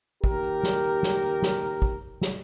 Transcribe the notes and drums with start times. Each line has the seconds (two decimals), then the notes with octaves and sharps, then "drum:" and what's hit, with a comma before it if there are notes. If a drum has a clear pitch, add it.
0.24 D#2 G4 A#4, drum: kick, tambourine
0.43 drum: tambourine
0.63 drum: snare
0.83 drum: tambourine
1.03 drum: snare
1.23 drum: tambourine
1.42 drum: snare
1.62 drum: tambourine
1.82 drum: kick, tambourine
2.21 drum: snare